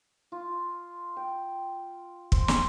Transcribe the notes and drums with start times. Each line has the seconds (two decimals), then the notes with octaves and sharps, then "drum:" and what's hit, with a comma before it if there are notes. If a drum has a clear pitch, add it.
0.32 F4
1.17 G5
2.32 C5, drum: kick
2.48 drum: snare